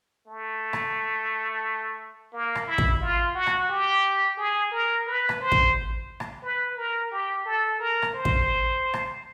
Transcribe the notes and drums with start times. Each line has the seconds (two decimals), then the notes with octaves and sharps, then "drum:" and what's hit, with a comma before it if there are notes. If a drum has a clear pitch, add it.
0.27 A3
0.73 drum: rim click
2.33 A#3
2.55 drum: rim click
2.67 E4
2.78 drum: kick
3.01 F4
3.35 F#4
3.47 drum: rim click
3.69 G4
4.38 G#4
4.72 A#4
5.06 B4
5.29 drum: rim click
5.40 C5
5.52 drum: kick
6.20 drum: rim click
6.43 B4
6.77 A#4
7.11 G4
7.46 A4
7.80 A#4
8.02 drum: rim click
8.14 C5
8.25 drum: kick
8.94 drum: rim click